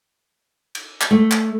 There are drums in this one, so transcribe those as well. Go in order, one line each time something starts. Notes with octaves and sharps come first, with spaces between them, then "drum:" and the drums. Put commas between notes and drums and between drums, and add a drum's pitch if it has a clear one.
drum: cymbal
drum: clap
A3
drum: clap